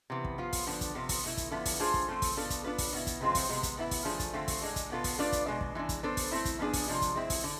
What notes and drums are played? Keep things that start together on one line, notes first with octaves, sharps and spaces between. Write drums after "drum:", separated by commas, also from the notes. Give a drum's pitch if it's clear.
C3 E3 B3
drum: kick
F3 B3 F4
drum: kick, open hi-hat
D3 F3 B3 D4
drum: kick, hi-hat
C3 F3 B3
drum: kick, open hi-hat
B2 A3 E4
drum: kick, hi-hat
D3 F3 B3 E4 A4
drum: kick, open hi-hat
A3 D4 F4 G#4 C5
drum: kick
F3 A3 C4
drum: kick, open hi-hat
B2 B3 D4 F4 A4
drum: kick, hi-hat
B3 D4 F4 B4
drum: kick, open hi-hat
B2 B3 E4
drum: kick, hi-hat
C3 F3 G#3 C4 F4
drum: kick, open hi-hat
C3 G#3 B3
drum: kick, hi-hat
A2 E3 B3 E4
drum: kick, open hi-hat
F3 A3 D4 G#4
drum: kick, hi-hat
D3 A3 C4 F4
drum: kick, open hi-hat
A2 G#3 D4
drum: kick, hi-hat
B2 B3 F4 A4
drum: kick, open hi-hat
A3 D4 F4 B4 D5
drum: kick, hi-hat
B2 G#3 D4
drum: kick
E3 G#3 D4
drum: kick, hi-hat
B3 D4 A4 C5
drum: kick, open hi-hat
A3 C4 E4
drum: kick, hi-hat
F3 B3 D4 G#4
drum: kick, open hi-hat
C3 F3 G#3 D4
drum: kick, hi-hat
G#3 C4 E4
drum: kick, open hi-hat
D3